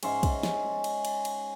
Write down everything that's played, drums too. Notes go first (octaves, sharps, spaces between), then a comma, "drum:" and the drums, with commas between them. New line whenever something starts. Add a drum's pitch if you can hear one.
G#2 C#4 E5 C6, drum: cymbal
drum: kick, cymbal
drum: snare
drum: cymbal
drum: cymbal
drum: cymbal